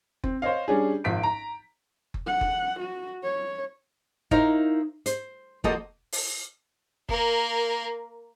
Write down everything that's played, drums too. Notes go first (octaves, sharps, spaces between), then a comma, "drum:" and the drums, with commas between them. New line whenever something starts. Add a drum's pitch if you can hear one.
C4, drum: kick F#1
C5 C#5 D#5 F5
G3 C#4 D4 G#4
G#1 F3 B6 D7
A#5
drum: kick F#1
F#5
drum: kick F#1
F#4
C#5
D#4 E4 A#4 C5 C#5 F5, drum: kick F#1
C5, drum: hi-hat
F3 A#3 B3 F#4 A4 D#5, drum: kick F#1
drum: open hi-hat
A#3 A#4, drum: kick F#1